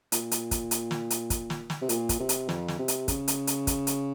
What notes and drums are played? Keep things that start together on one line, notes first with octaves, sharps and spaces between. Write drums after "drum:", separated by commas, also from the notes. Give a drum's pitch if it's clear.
A#2, drum: hi-hat
drum: hi-hat
drum: kick, hi-hat
drum: hi-hat
drum: snare
drum: hi-hat
drum: kick, hi-hat
drum: snare
drum: snare
C3
A#2, drum: hi-hat
drum: kick, hi-hat
C3
drum: hi-hat
F2, drum: snare
drum: snare
C3
drum: hi-hat
C#3, drum: kick, hi-hat
drum: hi-hat
drum: hi-hat
drum: kick, hi-hat
drum: hi-hat